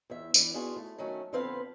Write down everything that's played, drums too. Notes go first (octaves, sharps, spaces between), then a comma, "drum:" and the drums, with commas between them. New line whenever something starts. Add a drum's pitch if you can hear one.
E2 E5
E3 D4, drum: tambourine
B3 D4 F4 F#4 G#4
A3
D#3 F#3 A3 C#4
F2 D3 B3 C4 B4 F5